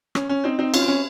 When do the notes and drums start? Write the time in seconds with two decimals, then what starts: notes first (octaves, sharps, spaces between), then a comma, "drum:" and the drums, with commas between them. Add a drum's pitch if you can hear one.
0.15 C#4, drum: rim click
0.29 C#4
0.44 C4 D#4
0.59 C4 D#4
0.74 C#4 F4, drum: cymbal
0.82 C4
0.88 C#4